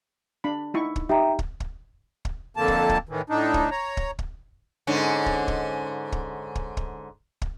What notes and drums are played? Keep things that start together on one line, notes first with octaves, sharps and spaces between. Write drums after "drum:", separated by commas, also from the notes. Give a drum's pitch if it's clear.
D4 B5
D#4 E4 C#6
drum: kick
D#4 G4 E5 G5 A#5
drum: kick
drum: kick
drum: kick
F2 D3 A#3 A5
drum: kick
drum: kick
A2 D#3 E3
A2 D4 D#4
drum: kick
C#5 A#5
drum: kick
drum: kick
G#2 D3 C#4
drum: kick
drum: kick
drum: kick
drum: kick
drum: kick
drum: kick